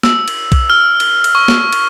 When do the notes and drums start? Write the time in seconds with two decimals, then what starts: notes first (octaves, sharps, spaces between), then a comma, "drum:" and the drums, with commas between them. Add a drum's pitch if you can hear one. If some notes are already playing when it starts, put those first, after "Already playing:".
0.03 E6, drum: snare
0.28 drum: cymbal
0.52 drum: kick B1, cymbal
0.70 F6
1.00 drum: cymbal
1.24 drum: cymbal
1.35 C#6
1.48 drum: snare
1.73 drum: cymbal